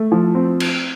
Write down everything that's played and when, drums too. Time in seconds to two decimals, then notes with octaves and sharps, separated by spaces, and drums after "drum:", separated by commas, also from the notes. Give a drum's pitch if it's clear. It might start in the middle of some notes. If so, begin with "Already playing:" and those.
Already playing: A3
0.12 F3
0.35 C4
0.60 drum: cymbal